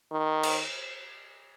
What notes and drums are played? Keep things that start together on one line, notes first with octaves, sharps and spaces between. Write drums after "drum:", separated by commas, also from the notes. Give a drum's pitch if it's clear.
D#3
drum: cymbal